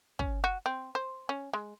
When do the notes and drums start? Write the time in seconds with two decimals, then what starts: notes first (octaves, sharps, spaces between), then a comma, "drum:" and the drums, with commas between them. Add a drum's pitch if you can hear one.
0.19 C#4, drum: kick
0.44 F#4
0.66 C4
0.95 C5
1.29 C#4
1.53 G#3